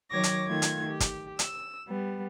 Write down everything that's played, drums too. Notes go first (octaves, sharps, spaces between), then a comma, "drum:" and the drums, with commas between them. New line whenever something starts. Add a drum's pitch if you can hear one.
D#3 F#3 C#5 D6 G#6 A#6
drum: hi-hat
D#3 A3 F4 G#6
drum: hi-hat
G4
drum: kick, hi-hat
E6, drum: hi-hat
G3 B3